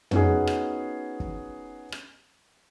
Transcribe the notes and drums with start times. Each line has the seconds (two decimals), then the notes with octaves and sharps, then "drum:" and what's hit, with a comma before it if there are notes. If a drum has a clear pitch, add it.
0.11 B3 C#4 D#4 F#4 G#4, drum: tom
0.47 drum: rim click
1.20 drum: kick
1.92 drum: rim click